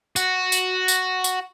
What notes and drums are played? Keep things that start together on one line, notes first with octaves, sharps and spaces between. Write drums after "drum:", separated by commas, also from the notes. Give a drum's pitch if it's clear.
F#4, drum: tambourine
drum: tambourine
drum: tambourine
drum: tambourine